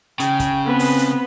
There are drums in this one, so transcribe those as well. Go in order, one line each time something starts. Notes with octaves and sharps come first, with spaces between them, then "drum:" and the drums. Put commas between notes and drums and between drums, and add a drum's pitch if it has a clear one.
C#3 G5, drum: hi-hat
drum: kick, hi-hat
B3 C4 B4
drum: open hi-hat
drum: hi-hat